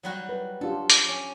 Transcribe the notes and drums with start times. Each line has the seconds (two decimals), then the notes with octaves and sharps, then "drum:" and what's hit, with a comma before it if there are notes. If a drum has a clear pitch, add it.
0.03 F#3 G3 F#4
0.29 B4
0.61 D4 F4 G4 A4
0.90 D6, drum: hi-hat
1.08 C#4